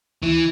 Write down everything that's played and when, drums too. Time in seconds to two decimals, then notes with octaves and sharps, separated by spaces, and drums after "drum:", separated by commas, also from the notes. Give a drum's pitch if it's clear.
0.22 E3, drum: kick D2